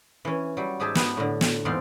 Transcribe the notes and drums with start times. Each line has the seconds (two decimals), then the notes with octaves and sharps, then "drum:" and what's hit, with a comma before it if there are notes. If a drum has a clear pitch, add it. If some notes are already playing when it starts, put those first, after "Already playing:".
0.25 E3 C#4
0.57 F#3 G3
0.80 G#2 G4 G#4 E5 A5
0.95 B3 B4, drum: snare
1.17 A2 D3
1.41 drum: snare
1.65 E2 G#2 C4 D4 D5 F5